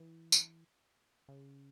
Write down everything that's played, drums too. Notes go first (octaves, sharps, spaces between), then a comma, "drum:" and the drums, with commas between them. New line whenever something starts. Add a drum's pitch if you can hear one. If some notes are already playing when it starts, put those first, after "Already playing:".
Already playing: E3
drum: tambourine
C#3